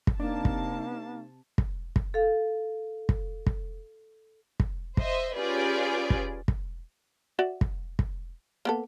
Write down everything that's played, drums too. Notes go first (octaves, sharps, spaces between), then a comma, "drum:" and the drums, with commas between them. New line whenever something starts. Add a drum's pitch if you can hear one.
drum: kick
C3 A#3 D4 D#4 A5
drum: kick
drum: kick
drum: kick
A4 F5
drum: kick
drum: kick
drum: kick
C5 D#5 E5, drum: kick
C#4 F4 G4 G#4 B4 D5
drum: kick
drum: kick
F#4 D5 E5
drum: kick
drum: kick
A#3 B3 A4